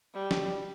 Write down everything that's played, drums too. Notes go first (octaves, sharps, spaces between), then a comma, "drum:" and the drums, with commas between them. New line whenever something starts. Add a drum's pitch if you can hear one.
G3
drum: snare